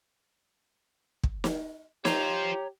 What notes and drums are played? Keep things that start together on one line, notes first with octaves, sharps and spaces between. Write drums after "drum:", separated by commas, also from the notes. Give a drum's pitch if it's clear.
drum: kick
drum: snare
F4 G4 C5 C#5 A#5, drum: snare